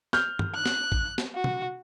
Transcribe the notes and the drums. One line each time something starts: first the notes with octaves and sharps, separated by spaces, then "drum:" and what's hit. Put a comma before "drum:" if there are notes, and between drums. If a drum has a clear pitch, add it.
F6 G6, drum: snare
drum: tom
F#6
drum: snare
drum: kick
drum: snare
F#4
drum: tom